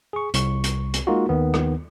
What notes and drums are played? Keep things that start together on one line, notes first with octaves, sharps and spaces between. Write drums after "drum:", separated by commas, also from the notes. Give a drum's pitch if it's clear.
G#4 C#6
C2 C#6, drum: hi-hat
drum: hi-hat
drum: hi-hat
G#3 A#3 D#4 F4 F#4
D#2 D#3 B3
drum: rim click